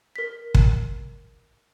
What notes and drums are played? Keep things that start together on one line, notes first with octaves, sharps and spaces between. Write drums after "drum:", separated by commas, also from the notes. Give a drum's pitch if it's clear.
A#4 B6
drum: kick